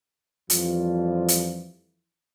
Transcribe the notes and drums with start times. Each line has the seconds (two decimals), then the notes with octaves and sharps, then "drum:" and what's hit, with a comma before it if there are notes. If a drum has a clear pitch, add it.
0.50 F2 E3 F3 G3 F4, drum: hi-hat
1.28 drum: hi-hat